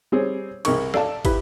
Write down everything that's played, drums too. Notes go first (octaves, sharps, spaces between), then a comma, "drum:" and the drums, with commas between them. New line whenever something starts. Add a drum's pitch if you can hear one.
G3 C4 G#4 C#5
C2 G#4 A#4 D#5 C#6, drum: cymbal
A4 D5 F5 A5, drum: rim click
E4 G4 B4 B5, drum: kick, cymbal